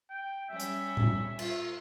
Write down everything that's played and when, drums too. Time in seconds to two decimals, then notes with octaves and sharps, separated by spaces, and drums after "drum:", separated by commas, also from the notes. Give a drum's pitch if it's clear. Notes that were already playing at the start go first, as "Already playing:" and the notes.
0.10 G5
0.50 G3 C#4 E5
0.60 drum: hi-hat
0.97 drum: tom A2
1.39 F4, drum: cymbal